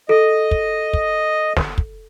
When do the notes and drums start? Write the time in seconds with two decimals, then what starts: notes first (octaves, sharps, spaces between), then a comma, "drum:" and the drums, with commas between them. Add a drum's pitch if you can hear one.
0.09 A4 D#5
0.51 drum: kick
0.93 drum: kick
1.57 drum: snare
1.78 drum: kick